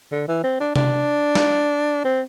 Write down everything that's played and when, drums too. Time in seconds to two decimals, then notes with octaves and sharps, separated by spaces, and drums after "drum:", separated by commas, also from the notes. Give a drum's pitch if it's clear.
0.12 D3
0.28 E3
0.44 C4
0.60 D4
0.76 D4, drum: tom C3
1.35 drum: snare
2.05 C4